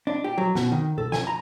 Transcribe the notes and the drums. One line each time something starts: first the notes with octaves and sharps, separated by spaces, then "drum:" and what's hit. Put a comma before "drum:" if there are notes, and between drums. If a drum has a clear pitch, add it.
D4
G4
F#3
B2, drum: snare
D#3
A4, drum: tom B2
G#5, drum: snare
A#5